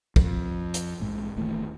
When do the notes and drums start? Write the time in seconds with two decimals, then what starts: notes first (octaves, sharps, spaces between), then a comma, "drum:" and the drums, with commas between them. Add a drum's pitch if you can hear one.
0.16 F2, drum: kick
0.74 drum: hi-hat
1.00 A#1 G#2
1.37 D#1 D#2 E3 A3